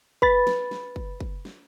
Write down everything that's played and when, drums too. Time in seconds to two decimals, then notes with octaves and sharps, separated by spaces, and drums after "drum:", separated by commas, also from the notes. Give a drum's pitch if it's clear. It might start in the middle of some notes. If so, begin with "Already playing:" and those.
0.22 B4 B5 A6, drum: kick
0.47 drum: snare
0.71 drum: snare
0.96 drum: kick
1.20 drum: kick
1.45 drum: snare